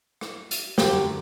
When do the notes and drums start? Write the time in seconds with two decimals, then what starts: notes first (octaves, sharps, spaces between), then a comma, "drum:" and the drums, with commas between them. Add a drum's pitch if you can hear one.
0.21 drum: rim click
0.51 drum: hi-hat
0.78 F#2 D3 G4 D5, drum: snare